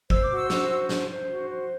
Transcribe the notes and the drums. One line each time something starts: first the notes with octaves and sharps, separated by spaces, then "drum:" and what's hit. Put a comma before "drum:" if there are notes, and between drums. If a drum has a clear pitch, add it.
C5 E6, drum: kick
D6
F#4
E6
C5, drum: snare
F#4
C5, drum: snare
C5
F#4
C5